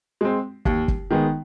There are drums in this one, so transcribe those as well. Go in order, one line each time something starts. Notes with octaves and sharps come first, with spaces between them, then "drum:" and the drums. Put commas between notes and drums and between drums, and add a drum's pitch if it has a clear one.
G#3 C4
D#2, drum: kick
drum: kick
D#3 G#3 B3